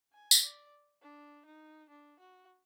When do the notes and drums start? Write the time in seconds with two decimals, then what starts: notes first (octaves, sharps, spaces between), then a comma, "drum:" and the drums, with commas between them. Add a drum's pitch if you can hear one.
0.13 G#5
0.31 drum: tambourine
0.42 D5
1.01 D4
1.46 D#4
1.90 D4
2.19 F#4